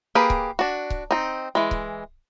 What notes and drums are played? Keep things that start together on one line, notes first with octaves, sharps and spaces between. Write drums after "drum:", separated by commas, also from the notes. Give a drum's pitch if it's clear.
A#3 G4 G#4 B4
drum: kick C#1
D4 F#4
drum: kick C#1
C4 D#4
E3 G#3
drum: kick C#1